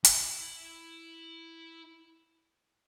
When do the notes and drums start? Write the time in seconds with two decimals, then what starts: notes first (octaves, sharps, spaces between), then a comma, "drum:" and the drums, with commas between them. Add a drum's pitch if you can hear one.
0.04 E4 B5, drum: hi-hat